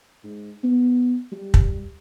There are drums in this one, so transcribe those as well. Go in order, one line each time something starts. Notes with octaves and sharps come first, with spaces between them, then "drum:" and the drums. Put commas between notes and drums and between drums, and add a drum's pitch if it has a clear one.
G#2
B3
G3
drum: kick